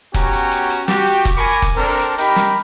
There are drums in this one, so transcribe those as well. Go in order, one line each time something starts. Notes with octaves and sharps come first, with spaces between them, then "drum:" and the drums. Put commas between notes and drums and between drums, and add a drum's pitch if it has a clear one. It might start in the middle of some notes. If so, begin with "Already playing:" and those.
B3 C#4 F#4 G4 A#5, drum: kick F1, hi-hat
drum: hi-hat
drum: hi-hat
drum: hi-hat
F#4 G4, drum: snare
drum: hi-hat
drum: kick F1, hi-hat
A#4 G#5 B5 C#6 D6
drum: kick F1, hi-hat
C4 D4 A4 A#4
drum: hi-hat
D#4 G4 A#4 G5 B5, drum: hi-hat
drum: snare